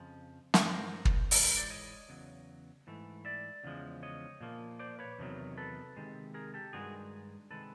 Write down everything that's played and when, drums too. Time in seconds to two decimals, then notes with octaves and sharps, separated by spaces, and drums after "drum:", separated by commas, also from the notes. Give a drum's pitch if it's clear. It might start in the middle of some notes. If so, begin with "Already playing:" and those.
Already playing: F2 C#3 F3
0.54 G2 E3 A3 C5 D5, drum: snare
0.73 A#4 C5
1.05 drum: kick
1.31 G#2 E3 G#3 A4 B4, drum: open hi-hat
1.44 A#4 C5
1.57 C5 D5
1.70 C#5 D#5
2.09 E2 C#3 F#3
2.87 G#2 E3 A3
3.25 D5 E5
3.64 E2 C#3 F3 G#3
4.03 C#5 D#5
4.41 A#2 F3 A#3
4.79 C5 D5
4.99 B4 C#5
5.18 E2 C3 D#3 F#3
5.57 A4 B4
5.97 C3 D#3 G#3
6.34 G#4 A#4
6.54 G4 A4
6.73 G2 D#3 G#3 F#4 G#4
7.50 C3 D#3 G#3 A4 B4